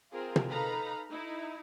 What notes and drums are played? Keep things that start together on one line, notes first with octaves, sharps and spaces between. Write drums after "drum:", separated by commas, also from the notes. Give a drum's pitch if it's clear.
C4 F4 G#4 A#4
drum: tom
D#4 A4 B4 F5 A#5 B5
D#4 E4